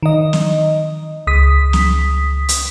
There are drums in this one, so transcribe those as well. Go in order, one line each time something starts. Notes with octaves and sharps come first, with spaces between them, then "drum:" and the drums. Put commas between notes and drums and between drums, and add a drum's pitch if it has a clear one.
D#3 D#5
drum: snare
C#2 D#6 B6
drum: snare
drum: hi-hat